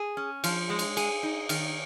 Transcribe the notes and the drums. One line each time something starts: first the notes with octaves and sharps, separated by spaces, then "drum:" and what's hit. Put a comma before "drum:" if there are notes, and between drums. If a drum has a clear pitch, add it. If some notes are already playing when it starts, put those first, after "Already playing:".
Already playing: G#4
C#4
F3, drum: cymbal
G#3
drum: cymbal
G#4, drum: cymbal
D#4
D#3, drum: cymbal